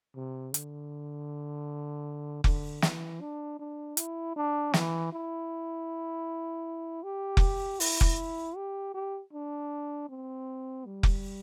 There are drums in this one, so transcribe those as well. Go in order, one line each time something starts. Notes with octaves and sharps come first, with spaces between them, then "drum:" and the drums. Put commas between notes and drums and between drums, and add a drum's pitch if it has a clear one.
C3
D3, drum: hi-hat
D3, drum: kick F1
E3, drum: snare
D4
D4
E4, drum: hi-hat
D4
E3, drum: snare
E4
G4
drum: kick F1
E4, drum: open hi-hat
drum: kick F1
G4
G4
D4
C4
G3
drum: kick F1